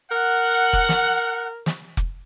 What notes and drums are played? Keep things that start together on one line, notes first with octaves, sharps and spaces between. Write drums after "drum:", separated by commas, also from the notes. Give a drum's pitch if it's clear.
A#4 F#5
drum: kick F1
drum: snare
drum: snare
drum: kick F1